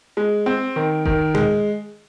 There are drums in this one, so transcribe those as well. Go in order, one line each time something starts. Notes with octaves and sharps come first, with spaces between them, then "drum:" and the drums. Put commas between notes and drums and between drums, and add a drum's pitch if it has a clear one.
G#3
C4
D#3
D#3, drum: kick F1
G#3, drum: tom A#2